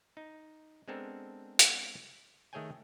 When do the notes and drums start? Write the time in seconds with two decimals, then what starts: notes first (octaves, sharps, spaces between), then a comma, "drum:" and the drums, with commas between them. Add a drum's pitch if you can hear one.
0.17 D#4
0.88 G#3 B3 C4 D4 A4 A#4
1.59 drum: hi-hat
2.53 D#3 A3 G#4 C#5 G5 G#5